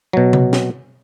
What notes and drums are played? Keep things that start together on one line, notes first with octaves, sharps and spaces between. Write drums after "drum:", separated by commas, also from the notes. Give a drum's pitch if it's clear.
B2 F#3
drum: tom C3
drum: snare